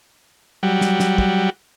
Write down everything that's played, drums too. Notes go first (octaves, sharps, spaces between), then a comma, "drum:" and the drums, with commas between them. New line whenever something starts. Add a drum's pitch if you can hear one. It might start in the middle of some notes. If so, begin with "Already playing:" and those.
F#3 G3
drum: snare
drum: snare
drum: kick